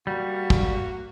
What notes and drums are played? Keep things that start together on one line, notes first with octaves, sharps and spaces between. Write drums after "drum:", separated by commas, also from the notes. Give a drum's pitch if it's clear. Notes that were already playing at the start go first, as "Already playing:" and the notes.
G3 A#3 F#4
drum: kick